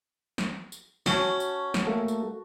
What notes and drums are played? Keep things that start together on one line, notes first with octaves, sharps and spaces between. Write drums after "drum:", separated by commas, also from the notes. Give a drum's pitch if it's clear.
drum: snare
drum: tambourine
C#4 F#4 A5, drum: snare
drum: tambourine
drum: snare
A3 A#3 A4
drum: tambourine